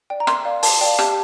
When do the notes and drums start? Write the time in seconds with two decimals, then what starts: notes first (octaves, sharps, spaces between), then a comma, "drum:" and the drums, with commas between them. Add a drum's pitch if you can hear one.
0.10 D5 G5
0.20 A#5
0.27 A#4 C6, drum: rim click
0.45 D5 F5
0.63 A#4 A5, drum: open hi-hat
0.81 D5 F5 G5
0.99 G4 A5, drum: rim click